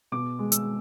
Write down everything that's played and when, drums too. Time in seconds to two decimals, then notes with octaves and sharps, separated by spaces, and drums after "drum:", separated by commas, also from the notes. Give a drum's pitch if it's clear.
0.12 B2 D6
0.39 G#3
0.52 E6, drum: hi-hat